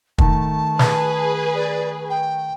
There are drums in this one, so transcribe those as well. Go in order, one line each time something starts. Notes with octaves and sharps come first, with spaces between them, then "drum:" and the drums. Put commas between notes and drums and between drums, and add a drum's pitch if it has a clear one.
D#3 A3 A5, drum: kick
G#4 B4, drum: snare
D5
G5